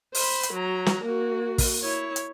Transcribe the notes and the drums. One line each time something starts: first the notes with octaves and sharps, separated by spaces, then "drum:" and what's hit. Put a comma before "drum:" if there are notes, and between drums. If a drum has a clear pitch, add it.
C5 B5, drum: open hi-hat
drum: hi-hat
F#3 A#5
drum: snare
A#3 F#4
drum: kick, open hi-hat
E4 C#5
drum: hi-hat